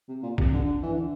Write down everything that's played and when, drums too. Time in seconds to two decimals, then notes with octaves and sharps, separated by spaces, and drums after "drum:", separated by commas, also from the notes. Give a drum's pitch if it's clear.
0.08 C3
0.23 A#2
0.38 C3, drum: kick
0.53 D3
0.83 E3
0.93 D3